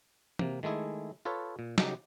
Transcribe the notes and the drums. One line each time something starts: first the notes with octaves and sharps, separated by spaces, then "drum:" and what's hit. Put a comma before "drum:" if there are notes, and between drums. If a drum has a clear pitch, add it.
C3 A#3, drum: tom
D#3 G#3 A3 E4 G#4
F4 A4 B4 C#5
A#2
C#3 F#3 D#4 G4, drum: snare